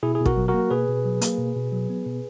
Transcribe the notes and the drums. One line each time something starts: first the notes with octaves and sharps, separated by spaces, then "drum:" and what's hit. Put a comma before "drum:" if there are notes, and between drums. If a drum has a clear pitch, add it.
B2 E4 G#4
G#4
B2
F#4 A#4, drum: kick
F#3
F#4 A#4
A#3
B2 G#4 B4
B2
F#3
A#3, drum: hi-hat
B2
B2
F#3
B3
B2